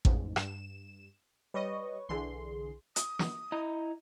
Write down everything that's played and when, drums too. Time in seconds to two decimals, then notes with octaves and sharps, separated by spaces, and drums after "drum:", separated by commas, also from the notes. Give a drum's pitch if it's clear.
0.05 A1 F2 G#2, drum: kick A1
0.36 G2 E7, drum: rim click
1.54 G3 B4 C#5 D#5 C#6
2.09 B1 D3 E3 G#4 C6
2.96 D#6, drum: hi-hat
3.19 drum: snare
3.52 E4 D#5 A#5